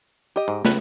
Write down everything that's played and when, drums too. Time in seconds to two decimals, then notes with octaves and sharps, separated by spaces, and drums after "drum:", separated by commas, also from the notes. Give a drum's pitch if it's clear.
0.36 G4 D#5
0.48 G#2
0.65 C#2 B4, drum: snare